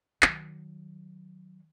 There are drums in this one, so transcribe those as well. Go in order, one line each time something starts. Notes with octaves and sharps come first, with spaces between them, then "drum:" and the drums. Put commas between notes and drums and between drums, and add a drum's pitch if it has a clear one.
D#3 F#3, drum: clap